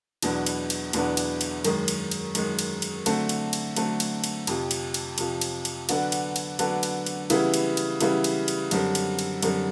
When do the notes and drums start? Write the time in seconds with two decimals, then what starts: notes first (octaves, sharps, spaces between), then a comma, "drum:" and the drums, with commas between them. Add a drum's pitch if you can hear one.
0.22 E2 B2 F#3 B3 D4, drum: cymbal
0.46 drum: cymbal
0.70 drum: cymbal
0.93 E2 B2 F#3 B3 D4, drum: cymbal
1.17 drum: cymbal
1.41 drum: cymbal
1.64 F#2 D#3 G#3, drum: cymbal
1.88 drum: cymbal
2.11 drum: cymbal
2.35 F#2 D#3 G#3, drum: cymbal
2.59 drum: cymbal
2.82 drum: cymbal
3.06 D3 F#3 A3 C4, drum: cymbal
3.29 drum: cymbal
3.53 drum: cymbal
3.76 D3 F#3 A3 C4, drum: cymbal
4.00 drum: cymbal
4.24 drum: cymbal
4.47 F2 C3 F3, drum: cymbal
4.71 drum: cymbal
4.94 drum: cymbal
5.18 F2 C3 F3, drum: cymbal
5.41 drum: cymbal
5.65 drum: cymbal
5.89 D3 F#3 B3 D4 F#4, drum: cymbal
6.12 drum: cymbal
6.36 drum: cymbal
6.59 D3 F#3 B3 D4 F#4, drum: cymbal
6.83 drum: cymbal
7.06 drum: cymbal
7.30 C#3 E3 G3 B3 E4, drum: cymbal
7.54 drum: cymbal
7.77 drum: cymbal
8.00 C#3 E3 G3 B3 E4, drum: cymbal
8.24 drum: cymbal
8.48 drum: cymbal
8.71 F#2 D3 G3 C4, drum: cymbal
8.95 drum: cymbal
9.19 drum: cymbal
9.42 F#2 D3 G3 C4, drum: cymbal